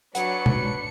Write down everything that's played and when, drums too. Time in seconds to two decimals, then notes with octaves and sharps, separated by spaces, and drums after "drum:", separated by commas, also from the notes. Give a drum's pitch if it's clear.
0.15 F#3 D4 B4 F#5 C#7, drum: hi-hat
0.46 drum: tom